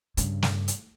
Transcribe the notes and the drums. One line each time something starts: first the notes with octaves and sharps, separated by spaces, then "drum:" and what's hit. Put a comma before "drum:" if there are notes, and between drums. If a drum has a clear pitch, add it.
G2 C#3, drum: hi-hat
drum: snare
drum: hi-hat